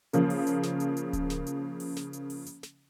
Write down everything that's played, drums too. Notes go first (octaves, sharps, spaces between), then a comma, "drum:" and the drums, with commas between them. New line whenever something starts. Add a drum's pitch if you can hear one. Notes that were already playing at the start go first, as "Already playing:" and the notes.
C#3 F3 A#3, drum: hi-hat
drum: open hi-hat
drum: hi-hat
drum: snare
drum: hi-hat
drum: hi-hat
drum: kick D1, hi-hat
drum: snare
drum: hi-hat
drum: open hi-hat
drum: snare
drum: hi-hat
drum: open hi-hat
drum: hi-hat
drum: snare